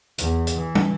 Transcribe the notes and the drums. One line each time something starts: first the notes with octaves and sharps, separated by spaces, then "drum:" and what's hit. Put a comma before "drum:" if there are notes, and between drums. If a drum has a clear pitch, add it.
E2, drum: hi-hat
drum: hi-hat
E3
drum: tom